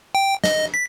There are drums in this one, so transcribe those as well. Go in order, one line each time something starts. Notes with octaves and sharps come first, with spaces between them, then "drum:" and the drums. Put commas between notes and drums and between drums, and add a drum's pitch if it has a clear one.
G5
D#5, drum: snare
B6